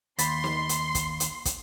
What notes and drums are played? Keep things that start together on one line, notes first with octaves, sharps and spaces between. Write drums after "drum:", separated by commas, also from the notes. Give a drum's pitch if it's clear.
D#2 B5 C6 A6 B6, drum: hi-hat
drum: snare
drum: hi-hat
drum: kick, hi-hat
drum: hi-hat
drum: kick, hi-hat